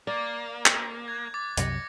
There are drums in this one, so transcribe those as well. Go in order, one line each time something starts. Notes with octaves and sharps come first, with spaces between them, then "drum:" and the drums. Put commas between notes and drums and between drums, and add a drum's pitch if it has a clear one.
A#3 D5
drum: clap
F#6 G#6
D6 G#6 A6
C2 F#2 C3 D6 A#6 C#7, drum: hi-hat